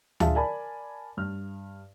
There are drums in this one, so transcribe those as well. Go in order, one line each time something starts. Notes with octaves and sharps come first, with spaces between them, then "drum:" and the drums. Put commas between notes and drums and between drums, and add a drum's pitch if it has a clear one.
D4 F4 G#4 E5 F5 A5, drum: tom D2
A#4 D5 G#5 A5 B5
G2 F6